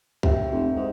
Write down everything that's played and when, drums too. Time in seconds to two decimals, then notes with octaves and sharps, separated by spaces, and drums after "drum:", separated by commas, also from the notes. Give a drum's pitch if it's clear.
0.23 G4 E5 G5, drum: kick
0.51 F1
0.75 G#2